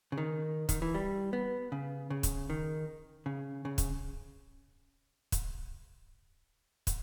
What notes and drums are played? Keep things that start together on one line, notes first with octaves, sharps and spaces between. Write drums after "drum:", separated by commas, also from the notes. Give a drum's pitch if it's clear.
C#3
D#3
D#3, drum: kick, hi-hat
E3
G3
B3
C#3
C#3
drum: kick, hi-hat
D#3
C#3
C#3
drum: kick, hi-hat
drum: kick, hi-hat
drum: kick, hi-hat